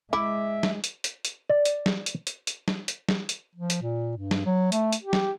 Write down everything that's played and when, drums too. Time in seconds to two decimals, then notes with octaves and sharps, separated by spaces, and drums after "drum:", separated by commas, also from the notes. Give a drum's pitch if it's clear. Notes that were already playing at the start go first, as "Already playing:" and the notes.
0.13 G#3 E4 E5 D6
0.63 drum: snare
0.84 drum: hi-hat
1.04 drum: hi-hat
1.25 drum: hi-hat
1.50 D5
1.65 drum: hi-hat
1.86 drum: snare
2.06 drum: hi-hat
2.27 drum: hi-hat
2.47 drum: hi-hat
2.68 drum: snare
2.88 drum: hi-hat
3.09 drum: snare
3.29 drum: hi-hat
3.55 F3
3.70 drum: hi-hat
3.82 A#2
4.17 G2
4.31 drum: snare
4.46 F#3
4.72 A3, drum: hi-hat
4.92 drum: hi-hat
5.03 G4
5.13 drum: snare